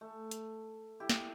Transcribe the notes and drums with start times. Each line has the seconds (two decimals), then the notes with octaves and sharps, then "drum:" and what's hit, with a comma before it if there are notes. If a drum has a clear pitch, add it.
0.01 A3
0.31 drum: hi-hat
1.00 E4 G4
1.10 drum: snare